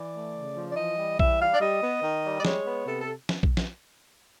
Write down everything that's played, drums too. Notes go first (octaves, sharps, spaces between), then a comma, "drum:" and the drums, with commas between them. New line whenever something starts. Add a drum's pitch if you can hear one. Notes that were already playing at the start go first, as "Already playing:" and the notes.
Already playing: E3 D5
A3
C#3
F3
D5
E3 D#5
G3
E3 E5, drum: kick A#1
G3 F5
D5
G3 D#5
B3
D#3
G3
D5
G#3 C#5, drum: snare
B3
C3 A4
A4
drum: snare
drum: kick A#1
drum: snare